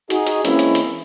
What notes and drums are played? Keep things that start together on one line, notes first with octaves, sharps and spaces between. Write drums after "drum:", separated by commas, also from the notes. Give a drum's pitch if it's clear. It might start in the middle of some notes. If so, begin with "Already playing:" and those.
D#4 F#4 G#4, drum: hi-hat
drum: hi-hat
E3 G#3 A#3 C4 C#4 E4, drum: hi-hat
drum: hi-hat
drum: hi-hat